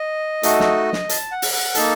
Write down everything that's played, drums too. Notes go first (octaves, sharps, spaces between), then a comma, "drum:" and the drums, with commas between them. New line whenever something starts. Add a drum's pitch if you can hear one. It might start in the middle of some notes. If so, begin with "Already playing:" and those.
Already playing: D#5
A3 D#4 F#4 A4, drum: hi-hat
drum: snare
drum: snare
A5, drum: hi-hat
F#5
drum: open hi-hat
F#5
A#3 D#4 A4 A5, drum: hi-hat